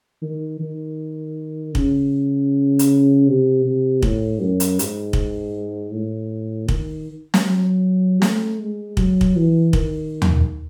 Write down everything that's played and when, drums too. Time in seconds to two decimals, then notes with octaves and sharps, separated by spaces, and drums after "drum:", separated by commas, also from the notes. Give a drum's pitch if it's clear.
0.22 D#3
0.59 D#3
1.75 C#3, drum: kick
2.79 drum: hi-hat
3.27 C3
3.65 C3
4.02 A2, drum: kick
4.40 F#2
4.60 drum: hi-hat
4.79 G#2, drum: hi-hat
5.13 drum: kick
5.93 A2
6.68 D#3, drum: kick
7.34 drum: snare
7.45 F#3
8.22 A3, drum: snare
8.60 G#3
8.97 F#3, drum: kick
9.21 drum: kick
9.36 E3
9.73 D#3, drum: kick
10.22 drum: tom